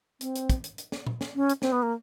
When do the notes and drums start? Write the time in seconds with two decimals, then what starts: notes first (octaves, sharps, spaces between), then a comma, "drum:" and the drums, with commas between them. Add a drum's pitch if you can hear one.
0.21 C4, drum: hi-hat
0.35 drum: hi-hat
0.50 drum: kick, hi-hat
0.64 drum: hi-hat
0.78 drum: hi-hat
0.92 drum: snare
1.07 drum: tom A#2
1.21 drum: snare
1.35 C#4
1.49 drum: hi-hat
1.62 C4, drum: snare
1.72 B3
1.82 A#3